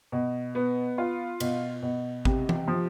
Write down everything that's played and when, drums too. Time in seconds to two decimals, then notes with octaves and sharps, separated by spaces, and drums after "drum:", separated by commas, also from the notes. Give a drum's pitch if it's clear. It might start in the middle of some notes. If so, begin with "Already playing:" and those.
0.12 B2
0.55 B3
0.98 F4
1.40 B2, drum: cymbal
1.82 B2
2.25 C3, drum: kick G#1
2.49 drum: tom E3
2.67 F3